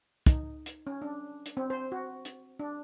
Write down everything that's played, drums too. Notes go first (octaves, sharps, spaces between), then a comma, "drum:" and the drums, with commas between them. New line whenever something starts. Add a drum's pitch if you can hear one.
D#4, drum: kick, hi-hat
drum: hi-hat
C#4
D4
drum: hi-hat
C4
C5
F#4
drum: hi-hat
D4